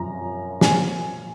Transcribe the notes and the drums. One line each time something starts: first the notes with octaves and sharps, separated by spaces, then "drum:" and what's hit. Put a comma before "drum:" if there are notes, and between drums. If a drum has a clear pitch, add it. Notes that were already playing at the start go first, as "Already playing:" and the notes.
Already playing: F#2 F3 A#5
A#2 F3 G#5, drum: snare